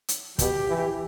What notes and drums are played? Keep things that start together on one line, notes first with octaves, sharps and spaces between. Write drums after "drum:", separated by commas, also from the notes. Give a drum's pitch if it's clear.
drum: hi-hat
B2 G4, drum: kick, hi-hat
E3